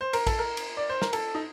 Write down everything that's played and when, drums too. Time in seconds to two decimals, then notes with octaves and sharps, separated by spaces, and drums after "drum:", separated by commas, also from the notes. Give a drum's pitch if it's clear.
0.01 C5
0.13 A#4, drum: cymbal
0.27 A4, drum: kick A#1, cymbal
0.39 A#4
0.57 drum: cymbal
0.77 D5
0.89 C5
1.02 A#4, drum: snare
1.13 A4, drum: cymbal
1.35 D#4